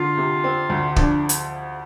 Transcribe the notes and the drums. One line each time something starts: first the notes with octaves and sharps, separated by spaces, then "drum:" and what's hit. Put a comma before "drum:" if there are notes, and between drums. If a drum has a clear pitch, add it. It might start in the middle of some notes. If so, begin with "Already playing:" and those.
Already playing: D3 F4
C3
C4
D2
F3 D4, drum: kick
drum: hi-hat